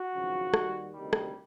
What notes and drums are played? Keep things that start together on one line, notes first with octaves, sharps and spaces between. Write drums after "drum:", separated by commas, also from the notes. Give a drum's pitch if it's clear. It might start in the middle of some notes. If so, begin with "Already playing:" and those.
Already playing: F#4
G#1 F#2 C#3 F3
D#2 D#3 G3, drum: rim click
D2 C3 D#3 G3
drum: rim click